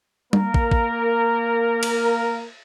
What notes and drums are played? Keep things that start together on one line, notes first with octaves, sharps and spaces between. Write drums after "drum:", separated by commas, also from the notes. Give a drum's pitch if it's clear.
A#3 A#4, drum: tom G3
drum: kick
drum: kick
drum: cymbal